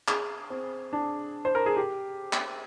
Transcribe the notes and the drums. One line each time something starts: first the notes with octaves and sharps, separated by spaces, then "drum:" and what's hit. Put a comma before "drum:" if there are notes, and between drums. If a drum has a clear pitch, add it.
G#4, drum: clap
C4
D4
C5
A#4
G#4
G4
drum: clap